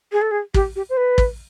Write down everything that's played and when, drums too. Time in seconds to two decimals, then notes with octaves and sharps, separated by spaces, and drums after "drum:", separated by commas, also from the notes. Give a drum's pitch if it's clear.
0.12 G#4
0.22 A4
0.31 G#4
0.54 G4, drum: kick
0.76 G4
0.89 C5
0.97 B4
1.18 drum: kick